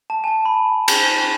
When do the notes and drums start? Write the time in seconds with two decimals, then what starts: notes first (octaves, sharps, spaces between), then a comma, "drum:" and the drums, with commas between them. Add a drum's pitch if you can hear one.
0.10 A5
0.24 G#5
0.27 A5
0.45 B5
0.88 drum: cymbal